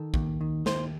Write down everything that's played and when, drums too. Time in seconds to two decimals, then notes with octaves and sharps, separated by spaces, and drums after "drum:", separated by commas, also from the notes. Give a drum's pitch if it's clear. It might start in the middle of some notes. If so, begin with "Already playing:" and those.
Already playing: D#3 A4
0.14 D#2, drum: kick
0.41 D#3
0.66 D#2 C5, drum: snare